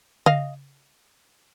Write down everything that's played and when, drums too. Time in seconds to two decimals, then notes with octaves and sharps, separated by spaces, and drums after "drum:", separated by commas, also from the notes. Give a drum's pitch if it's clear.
0.26 D#5 F5, drum: tom C#3